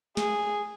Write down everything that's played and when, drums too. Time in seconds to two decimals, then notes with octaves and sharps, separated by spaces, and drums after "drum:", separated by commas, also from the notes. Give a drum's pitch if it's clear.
0.17 G#4, drum: snare